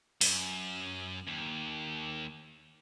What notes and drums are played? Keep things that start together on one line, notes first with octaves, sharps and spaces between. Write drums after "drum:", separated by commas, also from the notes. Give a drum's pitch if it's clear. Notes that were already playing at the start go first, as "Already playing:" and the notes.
F#2, drum: open hi-hat
D#2